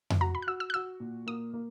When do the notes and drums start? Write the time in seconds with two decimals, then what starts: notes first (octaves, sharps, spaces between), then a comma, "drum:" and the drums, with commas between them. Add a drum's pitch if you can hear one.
0.10 drum: tom F2
0.21 F#4 A#5
0.35 B5
0.42 F#6
0.47 F#4 E6
0.60 E6
0.70 F#6
0.74 F#4 E6
1.00 A#2
1.27 A#3 D#6
1.54 A#3